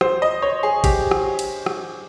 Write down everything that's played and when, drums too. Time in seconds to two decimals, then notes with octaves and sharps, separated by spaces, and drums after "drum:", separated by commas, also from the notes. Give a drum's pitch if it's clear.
0.01 C5, drum: rim click
0.22 D#5
0.42 C#5
0.63 G#4
0.84 G4, drum: kick G#1, cymbal
1.11 drum: rim click
1.39 drum: cymbal
1.66 drum: rim click